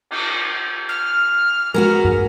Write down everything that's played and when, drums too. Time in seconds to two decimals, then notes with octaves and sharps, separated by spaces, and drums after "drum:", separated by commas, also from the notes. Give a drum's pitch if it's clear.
0.10 drum: cymbal
0.88 F6
1.74 G#3 B3 F#4 A#4
2.05 drum: tom G2